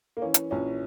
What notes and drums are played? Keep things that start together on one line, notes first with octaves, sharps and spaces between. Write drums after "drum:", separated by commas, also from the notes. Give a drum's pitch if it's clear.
A#3
E3 C#4
drum: hi-hat
A#1 C#4